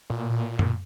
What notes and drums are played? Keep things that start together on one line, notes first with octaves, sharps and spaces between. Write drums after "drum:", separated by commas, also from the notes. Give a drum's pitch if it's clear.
A#2
A#2
drum: tom F#2